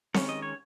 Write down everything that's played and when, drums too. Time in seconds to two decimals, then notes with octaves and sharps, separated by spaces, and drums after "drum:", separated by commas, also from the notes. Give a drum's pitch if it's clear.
0.14 D#3 G#3 C#4 C#5, drum: snare C4
0.29 D#5
0.42 C#5